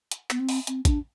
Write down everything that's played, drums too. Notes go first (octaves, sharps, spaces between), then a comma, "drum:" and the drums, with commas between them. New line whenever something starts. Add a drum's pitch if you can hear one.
drum: hi-hat
B3, drum: clap
C4
drum: open hi-hat
C4, drum: hi-hat
D4, drum: kick A1, hi-hat